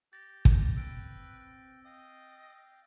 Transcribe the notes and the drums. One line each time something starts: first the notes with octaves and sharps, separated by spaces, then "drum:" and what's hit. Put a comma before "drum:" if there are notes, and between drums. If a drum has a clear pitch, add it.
G4 A6 A#6
drum: kick
C4 B4 G5 E6 D7
D#5 F5 G5